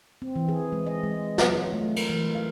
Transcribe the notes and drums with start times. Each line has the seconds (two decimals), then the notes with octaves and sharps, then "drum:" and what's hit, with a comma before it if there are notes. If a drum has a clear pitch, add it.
0.22 C4
0.36 E3
0.49 G#4
0.72 G#3
0.87 D#5
1.03 G#3
1.38 F#3, drum: snare
1.55 F4
1.73 A3
1.96 A#4, drum: cymbal
2.09 E3
2.35 F5